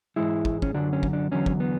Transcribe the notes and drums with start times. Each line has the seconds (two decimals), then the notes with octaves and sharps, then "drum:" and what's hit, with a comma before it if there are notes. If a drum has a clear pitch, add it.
0.16 G#2 E3 G#3 E4
0.45 drum: kick
0.62 C#4, drum: kick
0.74 F#2 D3 F#3 D4
0.93 C#4
1.03 drum: kick
1.13 D4
1.31 E2 D3 F#3 C#4
1.46 drum: kick
1.60 B3